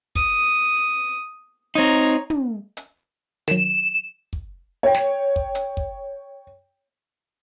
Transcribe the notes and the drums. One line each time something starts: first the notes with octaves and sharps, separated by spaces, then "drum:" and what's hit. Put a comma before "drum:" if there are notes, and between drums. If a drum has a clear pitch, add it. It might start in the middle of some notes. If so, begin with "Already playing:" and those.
D#6, drum: kick
C4 D#4 C#5 A#5
drum: tom
drum: hi-hat
D#3 F#3 E7, drum: snare
drum: kick
C#5 G5
drum: snare
drum: kick
drum: hi-hat
drum: kick